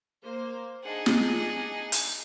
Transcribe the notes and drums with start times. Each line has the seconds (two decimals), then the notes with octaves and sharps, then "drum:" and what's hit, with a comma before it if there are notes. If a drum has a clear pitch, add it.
0.23 A#3 C5
0.84 D4 D#4 G#4 F#5
1.06 drum: snare
1.92 drum: hi-hat